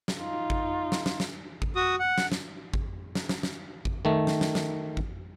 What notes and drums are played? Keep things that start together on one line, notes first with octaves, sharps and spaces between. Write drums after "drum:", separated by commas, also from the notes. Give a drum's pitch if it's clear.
drum: snare
D#4 F4
drum: kick G#1
drum: snare
drum: snare
drum: snare
drum: kick G#1
F#4 D#6
F#5
drum: snare
drum: snare
drum: kick G#1
drum: snare
drum: snare
drum: snare
drum: kick G#1
D#3 A3
drum: snare
drum: snare
drum: snare
drum: kick G#1